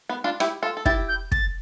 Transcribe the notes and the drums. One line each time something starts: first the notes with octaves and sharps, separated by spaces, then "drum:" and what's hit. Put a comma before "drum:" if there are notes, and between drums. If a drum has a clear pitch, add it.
B3
D4 F4
E4 G4, drum: rim click
F4 A4
A4
E4 G4 A6, drum: kick
G6
A6, drum: kick